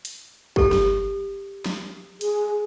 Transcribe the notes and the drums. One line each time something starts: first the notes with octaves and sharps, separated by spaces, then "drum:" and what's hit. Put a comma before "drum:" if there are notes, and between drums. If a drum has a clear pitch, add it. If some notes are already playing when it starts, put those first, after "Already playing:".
drum: hi-hat
G4 A4, drum: kick
drum: snare
drum: snare
G#4, drum: hi-hat